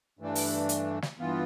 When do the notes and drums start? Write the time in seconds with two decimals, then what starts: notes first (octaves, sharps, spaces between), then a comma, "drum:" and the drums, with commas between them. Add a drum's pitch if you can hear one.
0.19 G2 E3 A3 D4
0.35 drum: open hi-hat
0.69 drum: hi-hat
1.02 drum: snare
1.19 G2 E3 B3 F4